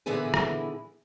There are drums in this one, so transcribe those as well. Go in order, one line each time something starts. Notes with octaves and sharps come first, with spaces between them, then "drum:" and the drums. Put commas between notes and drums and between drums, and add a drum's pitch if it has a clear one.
A#2 D3 E3 B3 E4 G#4
drum: rim click